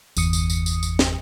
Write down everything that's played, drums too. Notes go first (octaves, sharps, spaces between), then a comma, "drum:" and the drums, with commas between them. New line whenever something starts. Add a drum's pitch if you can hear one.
G1 E2 D#6 C#7, drum: tambourine
drum: tambourine
drum: tambourine
drum: tambourine
drum: tambourine
drum: snare